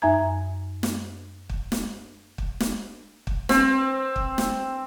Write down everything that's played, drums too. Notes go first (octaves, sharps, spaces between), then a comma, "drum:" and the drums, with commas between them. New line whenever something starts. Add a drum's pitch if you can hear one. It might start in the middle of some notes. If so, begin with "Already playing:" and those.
F#2 D#4 E5 G#5 A#5 G#6
drum: snare
drum: kick
drum: snare
drum: kick
drum: snare
drum: kick
C4, drum: snare
drum: kick
drum: snare